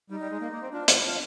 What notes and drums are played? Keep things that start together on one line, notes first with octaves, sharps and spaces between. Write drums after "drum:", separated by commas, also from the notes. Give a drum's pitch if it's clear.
G3 D#4
G3
G#3
A#3
A#3
C4
D4 F4
F4, drum: hi-hat
F4